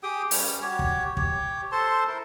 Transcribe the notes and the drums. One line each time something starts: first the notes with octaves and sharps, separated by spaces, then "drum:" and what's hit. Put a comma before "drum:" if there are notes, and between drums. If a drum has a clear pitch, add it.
G4 G#4 G5 D#6
G3 C#4, drum: open hi-hat
F#4 G4 C#5
drum: kick
G4 C#5, drum: kick
A4 C5 A5 C6
E4 A#4